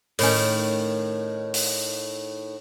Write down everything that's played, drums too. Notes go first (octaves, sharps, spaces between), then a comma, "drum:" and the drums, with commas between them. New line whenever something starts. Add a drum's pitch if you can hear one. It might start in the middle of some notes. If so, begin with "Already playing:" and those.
A2 D#3 C#4, drum: open hi-hat
drum: open hi-hat